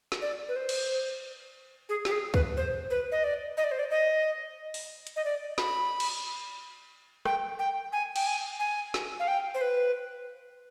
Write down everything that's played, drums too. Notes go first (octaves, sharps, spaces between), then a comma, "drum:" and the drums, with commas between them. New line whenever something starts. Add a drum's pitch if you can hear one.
drum: snare
D5
B4
C5
drum: cymbal
G#4
G4, drum: snare
G#4
B4, drum: kick C#2
C5
B4
D#5
D5
D#5
D5
C5
D5
D#5
drum: open hi-hat
drum: hi-hat
D#5
D5
B5, drum: snare
drum: cymbal
G5, drum: rim click
G5
G#5
G5, drum: cymbal
G#5
G#5
drum: snare
F5
G5
C5
B4